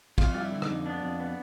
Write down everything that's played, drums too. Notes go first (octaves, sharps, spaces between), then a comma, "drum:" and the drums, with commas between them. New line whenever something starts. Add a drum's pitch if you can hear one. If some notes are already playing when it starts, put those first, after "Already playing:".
F2 F4, drum: kick, cymbal
G3 F4
E4
D3
D#4, drum: rim click
F2
B3 D4
F2
B3